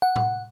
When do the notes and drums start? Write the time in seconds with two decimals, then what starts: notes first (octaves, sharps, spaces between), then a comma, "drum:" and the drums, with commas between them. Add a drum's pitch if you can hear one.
0.02 F#5
0.16 drum: tom A2